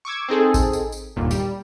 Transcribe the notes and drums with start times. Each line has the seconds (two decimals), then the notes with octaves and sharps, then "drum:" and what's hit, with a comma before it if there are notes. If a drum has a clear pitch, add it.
0.05 C#6 D6 E6 G#6
0.28 C4 D#4 G#4 A4
0.54 drum: kick A1, tambourine
0.73 drum: tambourine
0.92 drum: tambourine
1.16 G1 D#2 A#2
1.31 G3, drum: tambourine